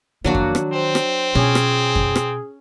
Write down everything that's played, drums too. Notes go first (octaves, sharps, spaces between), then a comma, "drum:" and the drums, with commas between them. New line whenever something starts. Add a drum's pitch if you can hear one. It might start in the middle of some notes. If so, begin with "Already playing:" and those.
D#3 F3 F#3 A#3 D4 F#4
drum: kick F2
drum: rim click
C4 C5
drum: rim click
B2 C#4 F4 G#4
drum: rim click
drum: kick F2
drum: rim click